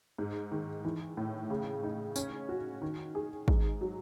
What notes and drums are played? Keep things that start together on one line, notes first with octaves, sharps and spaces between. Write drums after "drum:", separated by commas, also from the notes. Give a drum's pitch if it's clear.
G#2
D#3
E3
A2
C#3
D#4
C#4, drum: tambourine
F#4
D#3
G#4
G#2, drum: kick
F#3